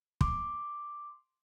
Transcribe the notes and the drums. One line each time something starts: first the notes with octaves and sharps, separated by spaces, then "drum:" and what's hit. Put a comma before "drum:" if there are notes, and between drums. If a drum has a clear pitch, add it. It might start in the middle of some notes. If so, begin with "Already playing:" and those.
C6 D6, drum: kick